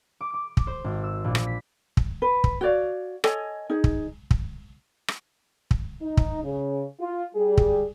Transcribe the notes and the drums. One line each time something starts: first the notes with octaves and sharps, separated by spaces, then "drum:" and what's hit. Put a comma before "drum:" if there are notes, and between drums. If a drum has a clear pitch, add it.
D6
D6
drum: kick
C5
G#1
E6
A#1
drum: rim click
B6
drum: kick
B4
drum: kick
F#4 C#5 D5 F5
A4 C#5 D#5 G#5, drum: rim click
D#4 G#4
drum: kick
drum: kick
drum: rim click
drum: kick
D#4
drum: kick
C#3
F4
G3 G#4
drum: kick